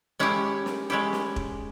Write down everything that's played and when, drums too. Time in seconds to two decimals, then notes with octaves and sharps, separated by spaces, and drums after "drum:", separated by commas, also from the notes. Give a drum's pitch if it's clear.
0.19 G#3 C#4 E4 G4
0.66 drum: snare
0.90 G#3 C#4 E4 G4
1.13 drum: snare
1.36 drum: kick E1